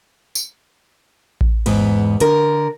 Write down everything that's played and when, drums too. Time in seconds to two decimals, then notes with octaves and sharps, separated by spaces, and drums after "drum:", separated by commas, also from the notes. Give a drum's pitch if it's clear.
0.35 drum: tambourine
1.41 drum: kick A1
1.66 E2 G#2 B3 B4, drum: cymbal
2.20 D3 A#4, drum: hi-hat